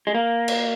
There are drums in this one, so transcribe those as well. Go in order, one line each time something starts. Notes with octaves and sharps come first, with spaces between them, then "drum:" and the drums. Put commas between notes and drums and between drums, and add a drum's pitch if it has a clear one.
G#3
A#3
drum: cymbal